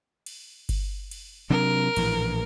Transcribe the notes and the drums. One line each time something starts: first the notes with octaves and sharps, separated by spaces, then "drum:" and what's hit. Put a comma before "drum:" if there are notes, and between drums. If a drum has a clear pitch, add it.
drum: cymbal
drum: kick G1, cymbal
drum: cymbal
C3 F#3 D4 A#4
A#1 A2 E3, drum: cymbal